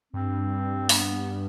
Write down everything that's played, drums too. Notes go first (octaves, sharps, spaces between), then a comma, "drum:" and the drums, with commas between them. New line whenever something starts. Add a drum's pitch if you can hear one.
G2 C4
A#3, drum: open hi-hat
B3